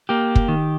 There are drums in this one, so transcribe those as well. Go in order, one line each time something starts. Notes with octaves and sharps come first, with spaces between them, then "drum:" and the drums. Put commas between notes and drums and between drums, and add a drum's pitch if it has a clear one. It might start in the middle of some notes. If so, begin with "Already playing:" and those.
A#3 G4
drum: kick
D#3